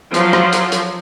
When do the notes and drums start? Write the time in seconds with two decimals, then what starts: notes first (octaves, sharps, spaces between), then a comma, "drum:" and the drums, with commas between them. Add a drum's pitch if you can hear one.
0.14 F3 F#3, drum: hi-hat
0.33 drum: rim click
0.52 drum: hi-hat
0.72 drum: hi-hat